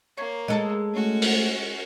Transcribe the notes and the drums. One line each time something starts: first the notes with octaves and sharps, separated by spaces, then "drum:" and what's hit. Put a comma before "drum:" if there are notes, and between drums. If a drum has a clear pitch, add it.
A#3 C#5 C#6 G#6
G#3 A4 D#5
A3 C#4 F#4
drum: open hi-hat